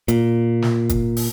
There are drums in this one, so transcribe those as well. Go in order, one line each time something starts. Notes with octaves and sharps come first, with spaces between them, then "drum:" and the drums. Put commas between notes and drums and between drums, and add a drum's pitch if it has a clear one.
A#2, drum: hi-hat
drum: snare
drum: kick, hi-hat
drum: open hi-hat